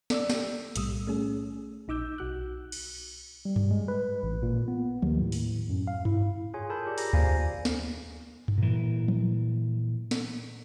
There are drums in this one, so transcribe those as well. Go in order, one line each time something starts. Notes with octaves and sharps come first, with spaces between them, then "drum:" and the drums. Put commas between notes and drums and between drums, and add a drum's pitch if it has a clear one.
A4 D5 E6, drum: snare
G4 A4, drum: snare
B1 A2 G3 D#6 E6, drum: hi-hat
A3 C#4 G#4
A#1 D#4 D6 E6 G6
B1 F#4 F#6
drum: cymbal
G3
drum: tom G2
G#3
B4
A1
A#2
B3
D#2, drum: tom F3
A2
drum: open hi-hat
F#2
F5
E4, drum: tom G2
F4 G#4 C#5 G#5 C6
A4 A#4 A5 B5 G6
F4 G4 G#4 D5
A#5 A#6, drum: open hi-hat
G4 C5 D5 F5 G#5, drum: kick D2
drum: snare
drum: tom G2
A#2 E3
drum: tom F3
drum: snare